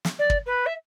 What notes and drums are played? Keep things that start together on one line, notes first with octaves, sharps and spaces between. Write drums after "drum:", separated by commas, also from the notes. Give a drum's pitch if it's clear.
drum: snare
D5
drum: kick
B4
E5